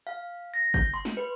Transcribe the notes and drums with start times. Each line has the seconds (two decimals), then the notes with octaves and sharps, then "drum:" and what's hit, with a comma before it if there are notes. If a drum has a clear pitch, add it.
0.07 F5
0.54 A#6
0.74 G6, drum: kick
0.94 C6
1.05 drum: snare
1.17 B4